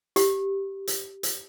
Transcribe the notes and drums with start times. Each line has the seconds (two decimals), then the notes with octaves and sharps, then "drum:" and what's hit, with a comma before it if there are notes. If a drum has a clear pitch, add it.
0.16 G4, drum: hi-hat
0.87 drum: hi-hat
1.23 drum: hi-hat